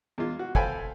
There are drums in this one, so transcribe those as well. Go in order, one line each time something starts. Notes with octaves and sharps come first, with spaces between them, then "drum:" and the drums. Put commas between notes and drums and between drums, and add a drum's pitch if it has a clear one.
E2 G#3 F4
F#4
A4 C5 F5 G5 G#5 B5, drum: kick